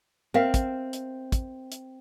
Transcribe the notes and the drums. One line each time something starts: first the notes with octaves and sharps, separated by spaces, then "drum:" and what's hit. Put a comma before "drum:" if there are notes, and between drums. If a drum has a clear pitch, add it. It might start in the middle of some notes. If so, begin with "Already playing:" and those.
C4 A#4 E5 F5
drum: kick, hi-hat
drum: hi-hat
drum: kick, hi-hat
drum: hi-hat